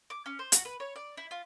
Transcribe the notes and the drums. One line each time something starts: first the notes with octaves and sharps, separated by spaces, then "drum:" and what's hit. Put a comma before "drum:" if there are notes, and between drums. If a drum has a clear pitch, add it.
D6
C#4
C5
F#4, drum: hi-hat
B4
C#5
D5
E4
F4